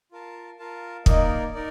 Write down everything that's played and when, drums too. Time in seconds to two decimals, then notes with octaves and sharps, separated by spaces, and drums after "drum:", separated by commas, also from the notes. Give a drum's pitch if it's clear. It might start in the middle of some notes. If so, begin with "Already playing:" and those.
0.12 F4 A#4 F5 A5
0.59 F4 A#4 F5 A5
1.06 A#3 D#4 A#4 D5 D#5, drum: kick
1.54 D#4 A#4 D5